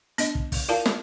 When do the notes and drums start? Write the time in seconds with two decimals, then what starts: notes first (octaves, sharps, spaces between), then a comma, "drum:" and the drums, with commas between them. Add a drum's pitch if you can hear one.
0.18 B3 D4 D#5, drum: hi-hat
0.35 drum: kick
0.52 drum: kick, open hi-hat
0.69 E4 F4 A#4 D5 F5 A5
0.86 drum: snare